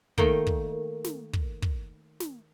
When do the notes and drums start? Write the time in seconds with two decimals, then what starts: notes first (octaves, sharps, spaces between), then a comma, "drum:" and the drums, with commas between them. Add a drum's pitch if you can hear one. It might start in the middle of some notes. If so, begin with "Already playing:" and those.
0.18 D#3 A3 A#3 G5, drum: kick
0.47 drum: kick
1.04 drum: snare
1.33 drum: kick
1.62 drum: kick
2.20 drum: snare